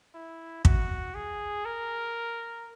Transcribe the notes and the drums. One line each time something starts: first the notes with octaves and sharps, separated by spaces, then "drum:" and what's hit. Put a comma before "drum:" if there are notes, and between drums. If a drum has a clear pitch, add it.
E4
F#4, drum: kick
G#4
A#4